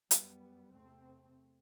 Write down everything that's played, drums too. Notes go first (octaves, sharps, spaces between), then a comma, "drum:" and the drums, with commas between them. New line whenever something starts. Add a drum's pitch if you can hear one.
F#2 G3 B3, drum: hi-hat
E2 C3 A3 C4